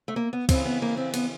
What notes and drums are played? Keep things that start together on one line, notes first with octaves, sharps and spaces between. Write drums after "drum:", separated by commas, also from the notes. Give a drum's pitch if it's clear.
A3
A#3
B3
F2 C#3 E3 C4, drum: kick, cymbal
B3
A#3
C4
B3, drum: cymbal